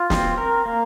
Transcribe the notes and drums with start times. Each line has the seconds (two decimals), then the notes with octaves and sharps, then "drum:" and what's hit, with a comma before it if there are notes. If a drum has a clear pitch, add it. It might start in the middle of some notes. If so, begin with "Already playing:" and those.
Already playing: F4
0.10 C4, drum: snare
0.38 A#4
0.66 A#3